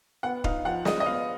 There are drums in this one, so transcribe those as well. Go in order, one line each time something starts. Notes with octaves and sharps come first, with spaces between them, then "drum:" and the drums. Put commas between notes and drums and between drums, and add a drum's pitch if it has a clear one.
B3 F#5
D#4 F5, drum: kick D#1
F3 F#5
G#3 D#5, drum: snare
D#5
B3 F5